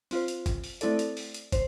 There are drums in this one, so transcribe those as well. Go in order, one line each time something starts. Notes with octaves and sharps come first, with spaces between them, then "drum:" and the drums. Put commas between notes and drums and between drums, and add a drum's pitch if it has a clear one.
C4 F4 C5, drum: open hi-hat
drum: hi-hat
drum: kick, hi-hat
drum: open hi-hat
A3 C4 E4 A4 D5, drum: hi-hat
drum: hi-hat
drum: open hi-hat
drum: hi-hat
C5, drum: kick, hi-hat